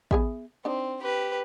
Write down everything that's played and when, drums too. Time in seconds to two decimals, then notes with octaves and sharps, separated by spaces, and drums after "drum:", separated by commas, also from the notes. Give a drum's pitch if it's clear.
0.11 B3 G#4 E5, drum: kick A1
0.65 C4 D4 D#4
1.03 G4 B4